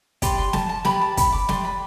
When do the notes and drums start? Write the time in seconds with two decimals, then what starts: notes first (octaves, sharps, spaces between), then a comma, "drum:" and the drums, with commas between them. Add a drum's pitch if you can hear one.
0.22 G4 B4 D5 C6, drum: kick, hi-hat
0.38 C6
0.53 A5, drum: snare
0.69 A5
0.85 G4 B4 D5 B5, drum: snare
1.02 A5
1.17 B5, drum: kick, hi-hat
1.32 D6
1.49 G4 B4 D5 C6, drum: snare
1.65 B5